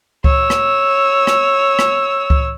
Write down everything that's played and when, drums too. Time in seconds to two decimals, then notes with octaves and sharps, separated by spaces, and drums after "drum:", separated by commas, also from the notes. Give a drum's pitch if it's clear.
0.24 C#5 E6, drum: kick C#2
0.50 drum: rim click
1.27 drum: rim click
1.79 drum: rim click
2.30 drum: kick C#2